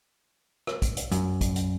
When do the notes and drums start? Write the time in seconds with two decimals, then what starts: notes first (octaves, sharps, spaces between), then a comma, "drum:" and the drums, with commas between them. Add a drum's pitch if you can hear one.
0.67 drum: rim click
0.82 drum: kick, hi-hat
0.97 drum: hi-hat
1.12 F#2, drum: hi-hat
1.41 drum: kick, hi-hat
1.56 drum: hi-hat